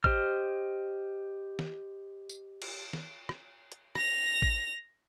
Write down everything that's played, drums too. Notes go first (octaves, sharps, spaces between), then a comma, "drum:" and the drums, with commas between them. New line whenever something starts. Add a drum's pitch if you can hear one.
G4 C5 D#5 F6, drum: kick
drum: snare
drum: tambourine
drum: cymbal
drum: snare
drum: rim click
drum: hi-hat
A#6 F7, drum: rim click
drum: kick